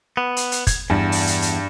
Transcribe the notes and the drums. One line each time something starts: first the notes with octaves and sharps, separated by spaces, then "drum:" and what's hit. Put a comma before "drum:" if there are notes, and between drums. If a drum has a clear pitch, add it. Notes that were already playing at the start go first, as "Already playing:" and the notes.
B3
drum: hi-hat
drum: hi-hat
G#6, drum: kick, hi-hat
E2 G2
drum: open hi-hat
drum: hi-hat
drum: hi-hat